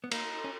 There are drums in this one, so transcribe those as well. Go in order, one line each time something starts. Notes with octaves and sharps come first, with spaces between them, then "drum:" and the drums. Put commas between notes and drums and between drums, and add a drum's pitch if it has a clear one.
B3
A#3 D#4, drum: cymbal
C#4